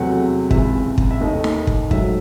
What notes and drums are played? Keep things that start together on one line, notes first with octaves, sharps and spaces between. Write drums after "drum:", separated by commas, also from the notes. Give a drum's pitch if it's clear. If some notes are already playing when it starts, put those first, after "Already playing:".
Already playing: E2 C3 F#3 A3 F#5
C#2 C3 E3 E5, drum: kick
drum: kick
E5
D#2 D#3 A3 D#5
drum: snare D#4
drum: kick
G#2 F#3 A3 E5, drum: kick